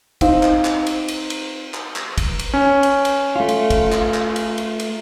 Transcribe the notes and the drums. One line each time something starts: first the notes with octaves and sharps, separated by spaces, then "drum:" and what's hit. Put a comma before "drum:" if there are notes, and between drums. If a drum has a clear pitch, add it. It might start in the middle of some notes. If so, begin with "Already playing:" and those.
C4 D#4 F5, drum: kick, cymbal
drum: clap
drum: clap
drum: cymbal
drum: cymbal
drum: cymbal
drum: clap
drum: clap
drum: kick, cymbal
drum: cymbal
C#4
drum: cymbal
drum: cymbal
A3 F4
drum: cymbal
drum: kick, cymbal
drum: clap
drum: clap
drum: cymbal
drum: cymbal
drum: cymbal